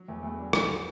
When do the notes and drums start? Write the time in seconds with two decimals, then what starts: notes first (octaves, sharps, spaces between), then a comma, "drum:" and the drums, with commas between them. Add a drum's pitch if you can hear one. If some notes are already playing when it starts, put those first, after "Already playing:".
Already playing: F#3
0.08 E2 A3
0.23 E2 A3
0.39 F#3 G3
0.53 E3 F#3, drum: rim click
0.69 D3